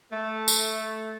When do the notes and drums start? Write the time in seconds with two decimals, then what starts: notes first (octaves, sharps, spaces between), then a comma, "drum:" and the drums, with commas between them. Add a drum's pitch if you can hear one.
0.12 A3
0.48 drum: tambourine